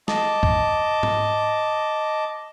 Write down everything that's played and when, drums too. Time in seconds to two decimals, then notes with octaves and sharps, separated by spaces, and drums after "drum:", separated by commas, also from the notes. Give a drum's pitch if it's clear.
0.08 D#5 A5 D6, drum: snare
0.43 drum: kick
1.03 drum: tom G#2